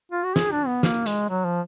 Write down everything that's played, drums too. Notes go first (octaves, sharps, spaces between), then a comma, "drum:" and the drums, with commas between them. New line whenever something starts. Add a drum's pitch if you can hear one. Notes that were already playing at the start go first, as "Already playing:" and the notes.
F4
F#4
G#4, drum: snare
D4
B3
A#3, drum: snare
G#3, drum: hi-hat
F#3
F3